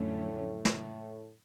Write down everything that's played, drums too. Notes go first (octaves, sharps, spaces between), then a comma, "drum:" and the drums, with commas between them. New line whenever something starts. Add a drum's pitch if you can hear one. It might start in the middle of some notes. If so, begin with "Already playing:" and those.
Already playing: F2 A2 D3 F#3 A3 C#4
drum: snare